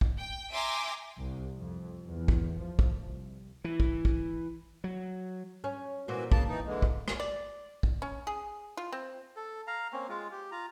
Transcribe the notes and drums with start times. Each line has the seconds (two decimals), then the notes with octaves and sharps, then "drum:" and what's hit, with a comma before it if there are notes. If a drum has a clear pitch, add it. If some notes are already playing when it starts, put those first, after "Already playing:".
0.01 drum: kick
0.17 G5
0.52 E5 G5 G#5 A#5 C6 D6
1.20 C2
1.56 F2
2.03 E2
2.28 drum: kick
2.61 F3
2.79 drum: kick
2.98 C2
3.64 E3
3.80 drum: kick
4.05 drum: kick
4.84 F#3
5.64 C#4
6.08 A#2 E3 C4 F#4
6.32 C#3 A#3 A5, drum: kick
6.48 E3 D#4
6.66 D3 E3 G#3
6.82 drum: kick
7.08 drum: rim click
7.20 D5
7.83 drum: kick
8.02 C#4
8.27 G#4
8.77 F4
8.92 C4
9.36 A4
9.67 F5 A#5
9.93 A#3 C4 C#4
10.09 G#3 F4
10.31 G4
10.51 F4 A#5